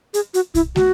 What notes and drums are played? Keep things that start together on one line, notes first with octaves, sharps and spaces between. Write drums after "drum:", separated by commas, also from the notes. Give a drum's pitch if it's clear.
G#4, drum: hi-hat
F#4, drum: hi-hat
E4, drum: kick, hi-hat
F#4, drum: snare